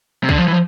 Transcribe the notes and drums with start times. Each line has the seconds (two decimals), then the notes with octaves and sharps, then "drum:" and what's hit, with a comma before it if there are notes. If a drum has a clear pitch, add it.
0.24 C3
0.29 D3, drum: kick C2
0.38 F3
0.48 E3
0.53 F3